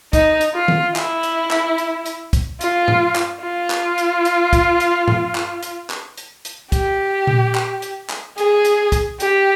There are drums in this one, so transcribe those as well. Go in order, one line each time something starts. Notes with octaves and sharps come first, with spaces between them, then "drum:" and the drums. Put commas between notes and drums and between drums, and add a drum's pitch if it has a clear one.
D#4, drum: kick, hi-hat
drum: hi-hat
F4
drum: tom D#3
E4, drum: clap
drum: hi-hat
drum: clap
drum: hi-hat
drum: hi-hat
drum: kick, hi-hat
F4, drum: hi-hat
drum: tom G2
drum: clap
F4
drum: clap
drum: hi-hat
drum: hi-hat
drum: kick, hi-hat
drum: hi-hat
drum: tom G2
drum: clap
drum: hi-hat
drum: clap
drum: hi-hat
drum: hi-hat
G4, drum: kick, hi-hat
drum: tom A#2
drum: clap
drum: hi-hat
drum: clap
G#4, drum: hi-hat
drum: hi-hat
drum: kick, hi-hat
G4, drum: hi-hat